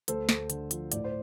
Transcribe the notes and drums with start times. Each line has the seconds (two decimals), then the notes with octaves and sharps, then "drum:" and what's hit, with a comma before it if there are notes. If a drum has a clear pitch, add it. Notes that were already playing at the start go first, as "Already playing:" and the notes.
0.08 D2 A4 C5, drum: hi-hat
0.29 D2, drum: snare
0.50 D3, drum: hi-hat
0.71 F3, drum: hi-hat
0.92 A2 D5, drum: hi-hat
1.04 C5